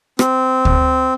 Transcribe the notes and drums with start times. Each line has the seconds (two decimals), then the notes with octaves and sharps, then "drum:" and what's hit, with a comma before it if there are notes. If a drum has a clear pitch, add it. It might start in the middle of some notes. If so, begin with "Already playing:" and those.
0.19 C4, drum: rim click
0.65 drum: kick